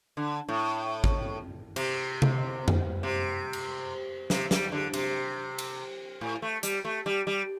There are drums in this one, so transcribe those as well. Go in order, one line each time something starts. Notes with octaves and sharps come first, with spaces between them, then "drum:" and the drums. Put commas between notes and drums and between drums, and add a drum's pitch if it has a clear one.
D3
A2
drum: kick
C3, drum: cymbal
drum: tom C3
drum: tom F2
C3
drum: cymbal
C3, drum: snare
G3, drum: snare
D3
C3, drum: cymbal
drum: cymbal
A2
A3
G3, drum: hi-hat
A3
G3
G3